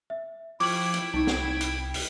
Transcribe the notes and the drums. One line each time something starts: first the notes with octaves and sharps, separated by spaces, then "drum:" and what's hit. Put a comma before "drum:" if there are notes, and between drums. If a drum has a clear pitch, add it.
E5
F3 E4 G5 C#6 D6 G#6 F#7, drum: open hi-hat
drum: hi-hat
C2 D#4 G4
drum: snare
drum: hi-hat
drum: open hi-hat